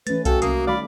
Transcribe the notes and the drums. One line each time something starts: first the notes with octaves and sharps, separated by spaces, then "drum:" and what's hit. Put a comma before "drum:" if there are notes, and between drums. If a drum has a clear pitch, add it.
E3 A3 C#4 B4 A6, drum: hi-hat
F#4 A4 F5 G5 G#5, drum: kick B1, hi-hat
C2 F#3 A#3 C#4 D#6 C7, drum: hi-hat
D#3 G3 A3 D5 F5 B5